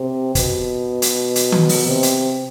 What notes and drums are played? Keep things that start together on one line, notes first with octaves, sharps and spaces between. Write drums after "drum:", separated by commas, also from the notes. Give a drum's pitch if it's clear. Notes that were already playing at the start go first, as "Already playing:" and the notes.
Already playing: C3
B2, drum: kick, hi-hat
drum: hi-hat
drum: hi-hat
drum: tom D#3
drum: open hi-hat
C3
drum: hi-hat